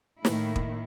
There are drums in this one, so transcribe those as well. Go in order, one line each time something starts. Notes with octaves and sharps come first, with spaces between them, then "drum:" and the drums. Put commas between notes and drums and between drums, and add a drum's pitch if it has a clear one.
A2 D#3 A3 A#3 E4, drum: snare
drum: kick